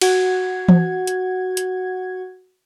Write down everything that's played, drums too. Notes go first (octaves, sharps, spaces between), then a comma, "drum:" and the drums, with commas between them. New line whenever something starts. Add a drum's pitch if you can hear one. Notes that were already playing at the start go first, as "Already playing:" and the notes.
F#4 F#5 G#6, drum: cymbal
drum: tom E3
drum: hi-hat
drum: hi-hat